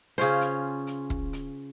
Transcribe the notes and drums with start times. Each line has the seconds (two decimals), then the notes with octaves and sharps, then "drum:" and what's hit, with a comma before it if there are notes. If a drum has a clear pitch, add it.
0.18 C#3 C#4 F4 C5
0.41 drum: hi-hat
0.87 drum: hi-hat
1.10 drum: kick
1.33 drum: hi-hat